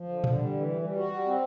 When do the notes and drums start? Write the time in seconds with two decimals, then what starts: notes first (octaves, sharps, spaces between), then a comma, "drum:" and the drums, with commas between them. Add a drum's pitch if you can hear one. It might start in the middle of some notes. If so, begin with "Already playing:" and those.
Already playing: F3
0.09 D3
0.24 D3, drum: tom A#2
0.38 G3
0.53 E3
0.68 G3
0.81 G3
0.96 F#4
1.11 G3
1.25 C4